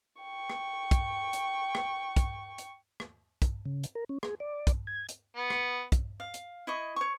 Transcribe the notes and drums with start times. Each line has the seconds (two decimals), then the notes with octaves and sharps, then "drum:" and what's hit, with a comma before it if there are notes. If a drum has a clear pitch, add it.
0.22 G5 C#6
0.50 drum: rim click
0.91 drum: kick, hi-hat
1.33 drum: hi-hat
1.75 drum: rim click
2.16 drum: kick, hi-hat
2.58 drum: hi-hat
3.00 drum: rim click
3.42 drum: kick, hi-hat
3.66 C#3
3.83 drum: hi-hat
3.95 A#4
4.09 C#4
4.23 G#4, drum: rim click
4.40 D5
4.67 drum: kick, hi-hat
4.87 G#6
5.09 drum: hi-hat
5.36 B3
5.50 drum: rim click
5.92 drum: kick, hi-hat
6.20 F5
6.34 drum: hi-hat
6.67 E4 D#5 C#6
6.96 C#5 C#6